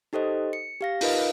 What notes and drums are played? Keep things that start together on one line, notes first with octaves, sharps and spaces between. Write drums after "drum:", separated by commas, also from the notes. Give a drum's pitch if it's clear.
D#4 G4 A4 C5 D#5
C#7
G4 F5 A#6
D#4 F4 A#4 B4 D#5 F5, drum: open hi-hat